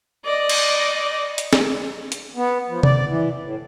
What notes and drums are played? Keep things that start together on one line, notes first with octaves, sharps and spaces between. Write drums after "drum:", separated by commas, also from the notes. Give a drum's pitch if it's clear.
D5 D#5
drum: cymbal
drum: hi-hat
drum: snare G#4
drum: hi-hat
B3
F3
D5, drum: tom C3
E3
A2